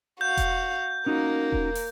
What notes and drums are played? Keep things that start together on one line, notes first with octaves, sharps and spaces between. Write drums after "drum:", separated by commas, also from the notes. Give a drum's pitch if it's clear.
F#4 F5 G6
drum: kick E1, hi-hat
A#3 C#4 D#4 F#4 A#4
drum: kick E1
drum: open hi-hat